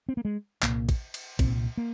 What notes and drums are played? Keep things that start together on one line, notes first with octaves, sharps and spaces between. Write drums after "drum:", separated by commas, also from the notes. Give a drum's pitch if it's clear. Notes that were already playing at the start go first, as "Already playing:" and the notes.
C4
A#3
G#3
C2 A#2 A#3, drum: clap
drum: kick, cymbal
drum: cymbal
C2 A#2 C4, drum: kick, cymbal
A#3